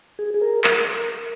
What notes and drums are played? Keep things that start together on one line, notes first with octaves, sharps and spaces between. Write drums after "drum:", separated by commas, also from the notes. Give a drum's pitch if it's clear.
G#4
G#4
A#4
A#4, drum: clap